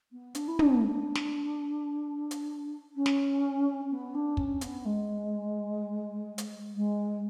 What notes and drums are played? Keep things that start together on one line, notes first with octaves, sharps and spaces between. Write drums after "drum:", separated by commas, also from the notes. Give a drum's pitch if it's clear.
B3
D4, drum: hi-hat
E4
D4, drum: tom
D4
drum: snare
drum: hi-hat
C#4
drum: snare
B3
D4
C#4, drum: kick
B3, drum: hi-hat
G#3
drum: hi-hat
G#3